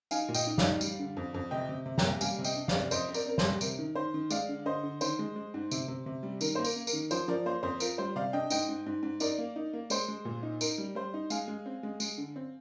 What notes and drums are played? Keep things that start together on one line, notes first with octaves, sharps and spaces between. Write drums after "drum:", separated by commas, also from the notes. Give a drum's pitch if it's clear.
D#4 F5 G#5, drum: tambourine
A#2
D#5 G5, drum: tambourine
D#4
D5 F5, drum: snare
D#4
G3, drum: tambourine
D3
F2
F2
C3 D#5 G5
C3
C3
G5 A#5, drum: snare
A#3
G3 F5 G#5, drum: tambourine
C3
D#5 G5, drum: tambourine
D4
D5 F5, drum: snare
C3
F2 C5 D#5, drum: tambourine
C4
A#4 D5, drum: tambourine
C4 A#4
C5, drum: snare
G3
C3 A#4, drum: tambourine
D#3
D#3 C5
D#3
G#3 D5 F5, drum: tambourine
D3
D3 C5 D#5
D3
D#3 C5, drum: tambourine
G#3
G#3
G#2
C3, drum: tambourine
C3
C3
G3
D#3 A#4, drum: tambourine
A#3 C5
A#4, drum: tambourine
A#3
A#4, drum: tambourine
D#3
F3 C5, drum: tambourine
F3 A#4 D5
A#3 C5
F2 C5
F4 A#4, drum: tambourine
G3 C5
C3 D5 F5
D4 D#5 G5
G#2 D#5 G5, drum: tambourine
G#2
G#2
G#2
D#4 A#4 D5, drum: tambourine
A#3
D#4
A#3
G#3 C5, drum: tambourine
G#3
A#2
D#4
D#4 A#4, drum: tambourine
G3
G3 C5
D#4
G#3 F5 G#5, drum: tambourine
G#3
C4
G#3
G#3, drum: tambourine
D3
C4